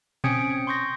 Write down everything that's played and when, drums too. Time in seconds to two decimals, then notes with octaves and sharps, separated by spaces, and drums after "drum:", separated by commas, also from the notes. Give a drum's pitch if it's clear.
0.24 C4 C#4 D#6 G#6 C#7 D7, drum: tom A#2
0.67 C6 C#6 G6 A#6